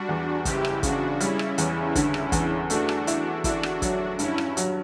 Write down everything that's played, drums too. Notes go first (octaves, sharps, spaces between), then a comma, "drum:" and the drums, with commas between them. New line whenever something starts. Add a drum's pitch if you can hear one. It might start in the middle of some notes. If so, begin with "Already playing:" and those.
Already playing: G3 D4 F#4
E2
F#1 E4 G4, drum: kick, hi-hat
drum: rim click
C#3 D4 F#4, drum: kick, hi-hat
G3 C#4 E4, drum: hi-hat
drum: rim click
E2, drum: hi-hat
D3, drum: kick, hi-hat
drum: rim click
E2, drum: kick, hi-hat
A3 D4 F#4, drum: hi-hat
drum: rim click
E4, drum: hi-hat
D4 E4 F#4, drum: kick, hi-hat
drum: rim click
F#3, drum: kick, hi-hat
G2 C#4 E4, drum: hi-hat
drum: rim click
F#3, drum: hi-hat